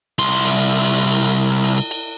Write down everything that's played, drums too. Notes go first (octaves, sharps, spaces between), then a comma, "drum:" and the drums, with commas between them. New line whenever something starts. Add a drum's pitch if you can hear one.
C2 C6, drum: cymbal
drum: cymbal
drum: cymbal
drum: cymbal
drum: cymbal
drum: cymbal
drum: cymbal
drum: cymbal
drum: cymbal
drum: cymbal